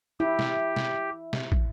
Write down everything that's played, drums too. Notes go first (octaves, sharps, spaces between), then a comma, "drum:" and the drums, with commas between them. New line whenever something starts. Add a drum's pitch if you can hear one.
E4 G4
drum: snare
drum: snare
drum: snare
drum: kick